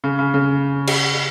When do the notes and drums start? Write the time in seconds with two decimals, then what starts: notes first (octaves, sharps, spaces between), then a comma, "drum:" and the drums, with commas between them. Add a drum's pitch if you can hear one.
0.04 C#3
0.19 C#3
0.34 C#3
0.87 drum: cymbal